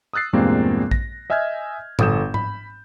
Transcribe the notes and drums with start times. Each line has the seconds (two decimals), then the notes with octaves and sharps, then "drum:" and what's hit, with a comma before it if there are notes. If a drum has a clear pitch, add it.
0.13 D#6 E6 F#6 A6 C7
0.33 E2 G2 A#2 G#3 A#3 C4
0.91 A#6, drum: kick A#1
1.30 D#5 E5 G#5 F6 G6 G#6
1.99 G1 A4 D#6 G6 E7, drum: tom A2
2.34 B5, drum: tom G#2